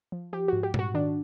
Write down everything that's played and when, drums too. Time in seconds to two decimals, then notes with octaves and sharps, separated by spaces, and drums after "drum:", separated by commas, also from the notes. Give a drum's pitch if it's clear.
0.12 F3
0.33 F3 G4
0.48 F#4
0.53 G#2
0.63 G4
0.74 G#2 F#4, drum: tom A#2
0.94 D#3 D4